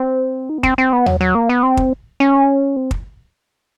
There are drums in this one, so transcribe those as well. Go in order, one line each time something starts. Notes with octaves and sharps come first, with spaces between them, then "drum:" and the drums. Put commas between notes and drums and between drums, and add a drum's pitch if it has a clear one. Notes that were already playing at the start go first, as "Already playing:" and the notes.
Already playing: C4
D#4
B3
C4, drum: kick
C4
B3
F#3, drum: tom D#2
F#3
A#3
B3
C4
drum: kick
C#4
C4
drum: kick